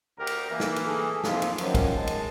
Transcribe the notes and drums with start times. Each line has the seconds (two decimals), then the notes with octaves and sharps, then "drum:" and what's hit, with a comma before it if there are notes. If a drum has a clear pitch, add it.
0.18 D2 G4 A#4
0.27 drum: cymbal
0.51 E3 A#3
0.60 drum: snare
0.76 drum: cymbal
0.86 G#4 A4
1.24 F2 G#2 C3 F3 A#3, drum: snare
1.42 drum: cymbal
1.58 F#2 D#3 F3 C#4, drum: cymbal
1.75 drum: kick, cymbal
1.97 G#3 A5
2.07 drum: cymbal